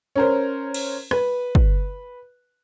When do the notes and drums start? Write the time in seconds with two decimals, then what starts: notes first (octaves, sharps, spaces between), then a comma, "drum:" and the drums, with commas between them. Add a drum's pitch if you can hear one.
0.16 C#4 A#4 C5
0.74 drum: cymbal
1.11 B4, drum: rim click
1.55 drum: kick